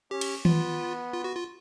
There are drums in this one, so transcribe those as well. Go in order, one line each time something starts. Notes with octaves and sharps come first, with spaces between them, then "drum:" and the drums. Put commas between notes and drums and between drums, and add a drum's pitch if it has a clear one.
C#4 G4
drum: cymbal
B3 F4, drum: tom D#3
F4
F#4
F4